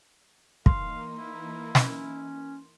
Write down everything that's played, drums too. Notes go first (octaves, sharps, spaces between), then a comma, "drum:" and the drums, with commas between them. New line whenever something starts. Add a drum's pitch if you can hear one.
E3 A#3 D#4 F5 C6, drum: kick
E4
C#4, drum: snare